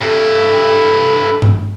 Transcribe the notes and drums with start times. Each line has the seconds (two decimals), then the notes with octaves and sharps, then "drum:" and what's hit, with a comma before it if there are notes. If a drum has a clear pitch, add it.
0.01 G2 E4 A4
1.42 drum: tom G2